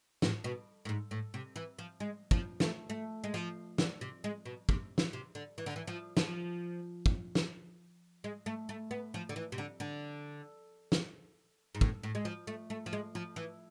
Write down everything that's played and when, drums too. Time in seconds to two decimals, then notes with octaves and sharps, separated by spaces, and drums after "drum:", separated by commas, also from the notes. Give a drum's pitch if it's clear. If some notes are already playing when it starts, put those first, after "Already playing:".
0.22 A2, drum: snare
0.44 B2
0.85 A2
0.89 G#2
1.11 A2
1.34 C3
1.56 E3
1.79 F3
2.00 G#3
2.31 F3, drum: kick
2.60 A3, drum: snare
2.90 A3
3.24 G#3
3.34 F3
3.78 D3, drum: snare
4.01 C3
4.24 G#3
4.46 B2
4.69 C3, drum: kick
4.98 drum: snare
5.13 C3
5.35 D3
5.58 E3
5.66 D3
5.76 E3
5.87 F3
6.17 F3, drum: snare
7.06 drum: kick
7.35 drum: snare
8.24 G#3
8.46 A3
8.69 A3
8.91 B3
9.14 F3
9.29 D3
9.36 E3
9.52 C3
9.58 D3
9.80 D3
10.92 drum: snare
11.75 G#2
11.81 A2, drum: kick
12.03 A2
12.15 G#3
12.25 F3
12.47 A3
12.70 A3
12.86 F3
12.93 G#3
13.15 F3
13.36 E3